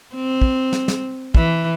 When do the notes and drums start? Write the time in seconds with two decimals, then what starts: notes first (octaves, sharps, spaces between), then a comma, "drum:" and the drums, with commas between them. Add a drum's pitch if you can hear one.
0.15 C4
0.42 drum: kick
0.73 drum: snare
0.88 drum: snare
1.35 E3, drum: kick